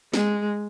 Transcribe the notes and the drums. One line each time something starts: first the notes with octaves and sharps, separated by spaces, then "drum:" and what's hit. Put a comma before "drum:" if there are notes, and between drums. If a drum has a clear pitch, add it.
G#3, drum: snare